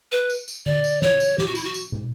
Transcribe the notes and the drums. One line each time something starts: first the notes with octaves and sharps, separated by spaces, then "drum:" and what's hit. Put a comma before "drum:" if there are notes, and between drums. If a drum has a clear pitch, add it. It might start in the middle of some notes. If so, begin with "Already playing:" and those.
B4
drum: tambourine
drum: tambourine
D5, drum: tom D3
drum: tambourine
C#5, drum: snare
drum: tambourine
G4, drum: snare
F#4
E4, drum: tambourine
F#4
drum: tambourine
drum: tom